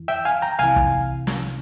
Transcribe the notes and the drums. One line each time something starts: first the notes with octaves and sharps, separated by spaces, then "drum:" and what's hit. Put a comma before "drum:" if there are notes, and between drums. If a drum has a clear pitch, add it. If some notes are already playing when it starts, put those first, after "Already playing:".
Already playing: F2 E3
E5 G5
F5 G#5
G5 A#5
C2 C3 E3 F5 G#5
drum: kick
drum: snare